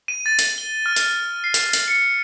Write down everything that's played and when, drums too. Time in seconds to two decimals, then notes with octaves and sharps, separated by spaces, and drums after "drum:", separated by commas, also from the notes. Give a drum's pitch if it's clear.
0.08 D#7
0.26 A6
0.39 drum: hi-hat
0.58 G7
0.86 F6
0.96 drum: hi-hat
1.44 C7
1.54 drum: hi-hat
1.73 drum: hi-hat
1.88 C#7